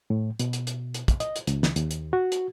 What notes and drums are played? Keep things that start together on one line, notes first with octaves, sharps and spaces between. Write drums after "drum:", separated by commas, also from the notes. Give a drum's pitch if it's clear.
A2
B2, drum: hi-hat
drum: hi-hat
drum: hi-hat
drum: hi-hat
drum: kick, hi-hat
D#5, drum: hi-hat
drum: hi-hat
C#2, drum: hi-hat
drum: snare
D#2, drum: hi-hat
drum: hi-hat
F#4
drum: hi-hat